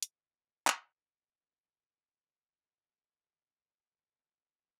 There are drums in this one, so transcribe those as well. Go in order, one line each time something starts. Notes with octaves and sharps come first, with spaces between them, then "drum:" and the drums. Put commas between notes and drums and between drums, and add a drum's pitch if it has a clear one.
A3 D#4 F#4 G4 C#5 E5, drum: hi-hat
drum: clap
G#2 A4